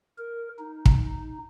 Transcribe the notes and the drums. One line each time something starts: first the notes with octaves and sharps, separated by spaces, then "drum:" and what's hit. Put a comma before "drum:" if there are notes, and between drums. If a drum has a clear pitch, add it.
A#4
D#4
drum: kick